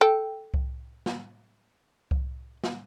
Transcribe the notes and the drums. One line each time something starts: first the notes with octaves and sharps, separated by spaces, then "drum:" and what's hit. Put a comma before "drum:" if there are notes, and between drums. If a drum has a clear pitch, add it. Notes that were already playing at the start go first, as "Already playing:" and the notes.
A4 G5
drum: kick C2
drum: snare
drum: kick C2
drum: snare